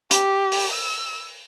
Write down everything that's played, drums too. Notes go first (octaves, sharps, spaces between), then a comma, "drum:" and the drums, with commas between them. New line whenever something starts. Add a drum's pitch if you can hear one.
G4, drum: hi-hat
drum: open hi-hat
E6